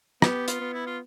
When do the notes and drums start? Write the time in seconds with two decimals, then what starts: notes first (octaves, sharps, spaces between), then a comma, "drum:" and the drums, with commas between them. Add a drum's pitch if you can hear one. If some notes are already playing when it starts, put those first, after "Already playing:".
0.22 B3 G4, drum: rim click
0.48 F4, drum: hi-hat
0.61 B3
0.73 E4
0.86 F4